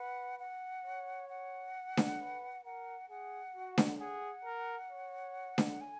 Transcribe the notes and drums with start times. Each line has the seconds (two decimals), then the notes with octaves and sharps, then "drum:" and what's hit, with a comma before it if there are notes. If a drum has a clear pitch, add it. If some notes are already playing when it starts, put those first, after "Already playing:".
Already playing: B4 F#5
0.39 F#5
0.85 C#5
1.29 F#5
1.97 drum: snare D4
2.20 B4
2.64 A#4 F#5
3.10 G#4 F#5
3.55 F#4
3.78 drum: snare D4
3.99 G#4 F#5
4.45 A#4
4.90 C#5
5.58 drum: snare D4
5.81 G#5